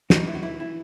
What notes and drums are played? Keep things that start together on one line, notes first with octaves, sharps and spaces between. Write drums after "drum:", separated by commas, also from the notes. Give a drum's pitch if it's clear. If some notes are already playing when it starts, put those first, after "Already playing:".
E3 D#4 F#4, drum: snare
D#2 E4
F#4
E3 E4
E3 E4